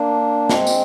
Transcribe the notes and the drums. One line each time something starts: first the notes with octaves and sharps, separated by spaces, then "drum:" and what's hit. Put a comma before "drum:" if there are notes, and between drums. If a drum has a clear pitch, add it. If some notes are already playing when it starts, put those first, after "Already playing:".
Already playing: A#3 D4
G#3 C4, drum: snare
drum: tambourine